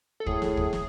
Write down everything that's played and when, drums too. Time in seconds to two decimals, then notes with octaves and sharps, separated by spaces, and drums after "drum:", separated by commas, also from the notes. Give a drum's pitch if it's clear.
0.20 A4
0.26 A2 G#4, drum: kick
0.42 drum: snare
0.57 drum: kick
0.73 drum: snare